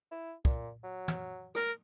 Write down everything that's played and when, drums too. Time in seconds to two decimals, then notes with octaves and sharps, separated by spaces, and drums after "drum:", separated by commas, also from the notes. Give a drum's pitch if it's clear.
0.12 E4
0.45 A#2, drum: kick
0.84 F#3
1.08 drum: tom
1.55 A#4, drum: rim click